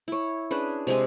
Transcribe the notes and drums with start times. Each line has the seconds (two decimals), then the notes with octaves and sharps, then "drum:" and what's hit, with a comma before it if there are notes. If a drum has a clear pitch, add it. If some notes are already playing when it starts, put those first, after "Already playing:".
0.08 E4 C#5
0.51 C#4 D4 G#4 B4
0.87 C3 G#3 G#5, drum: open hi-hat